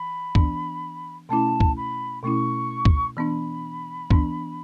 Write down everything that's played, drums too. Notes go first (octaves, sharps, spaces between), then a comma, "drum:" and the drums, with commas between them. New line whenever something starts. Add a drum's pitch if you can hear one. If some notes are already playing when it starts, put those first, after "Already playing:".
Already playing: E3 B5
E3 B3 D4, drum: kick
B2 A3 C#4 E4 A5
drum: kick
B5
B2 A3 C#4 E4 C#6
drum: kick
E3 B3 D4 B5
E3 B3 D4, drum: kick